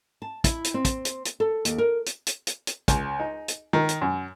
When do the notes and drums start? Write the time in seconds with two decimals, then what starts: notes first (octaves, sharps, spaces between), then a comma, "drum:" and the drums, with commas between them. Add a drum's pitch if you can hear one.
0.22 A5
0.44 E4, drum: kick, hi-hat
0.64 drum: hi-hat
0.74 C4
0.85 drum: kick, hi-hat
1.05 drum: hi-hat
1.25 drum: hi-hat
1.40 A4
1.65 D#2, drum: hi-hat
1.78 A#4
2.06 drum: hi-hat
2.27 drum: hi-hat
2.47 drum: hi-hat
2.67 drum: hi-hat
2.88 C#2, drum: kick, hi-hat
3.20 D#4
3.48 drum: hi-hat
3.73 D#3
3.89 drum: hi-hat
4.02 F#2